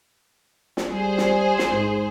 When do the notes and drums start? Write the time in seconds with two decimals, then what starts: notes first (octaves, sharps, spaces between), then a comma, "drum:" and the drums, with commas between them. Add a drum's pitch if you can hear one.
0.77 drum: snare
0.91 G3 G#4 C5
1.18 drum: snare
1.59 drum: snare
1.72 G#2